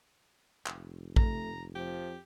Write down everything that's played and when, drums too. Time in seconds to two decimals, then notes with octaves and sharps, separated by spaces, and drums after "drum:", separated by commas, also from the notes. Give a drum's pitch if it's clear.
0.66 F1, drum: clap
1.16 A3 A#5, drum: kick
1.75 F2 F3 G4